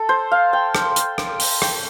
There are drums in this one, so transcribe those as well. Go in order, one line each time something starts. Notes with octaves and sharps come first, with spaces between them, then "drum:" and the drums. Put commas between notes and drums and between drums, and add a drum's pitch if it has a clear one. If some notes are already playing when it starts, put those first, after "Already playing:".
Already playing: A4
C5
F5
G5
drum: rim click
drum: hi-hat
drum: rim click
drum: open hi-hat
G5, drum: rim click